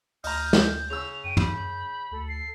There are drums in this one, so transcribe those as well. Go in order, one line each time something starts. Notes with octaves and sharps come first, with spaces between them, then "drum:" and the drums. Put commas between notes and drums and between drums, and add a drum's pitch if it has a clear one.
D2 D#5 A#5 F6 G6, drum: open hi-hat
drum: snare
C#3 E6 F7
F#2 G5 D#7
B5 G6, drum: tom
D2 A4
C7